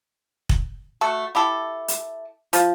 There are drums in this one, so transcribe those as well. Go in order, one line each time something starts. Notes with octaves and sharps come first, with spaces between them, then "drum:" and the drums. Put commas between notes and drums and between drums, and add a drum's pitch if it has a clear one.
drum: kick
A3 F#4 A4
E4 G4 A4
drum: hi-hat
F3, drum: hi-hat